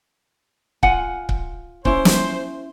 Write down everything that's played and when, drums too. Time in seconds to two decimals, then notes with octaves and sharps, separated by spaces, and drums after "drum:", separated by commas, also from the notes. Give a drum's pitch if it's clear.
0.83 F4 F#5 G#5, drum: kick C#1
1.29 drum: kick C#1
1.85 C#4 E4 C5, drum: kick C#1
2.05 drum: snare